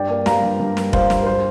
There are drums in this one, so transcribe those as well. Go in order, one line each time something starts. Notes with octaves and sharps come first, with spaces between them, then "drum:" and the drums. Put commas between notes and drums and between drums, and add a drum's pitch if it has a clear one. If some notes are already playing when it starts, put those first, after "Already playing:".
Already playing: G2 D5 G5
A#3
G3 F5 A#5, drum: snare
G2
G2
A#3, drum: snare
G3 C5 F5, drum: kick F1
G2, drum: snare
A#4
C5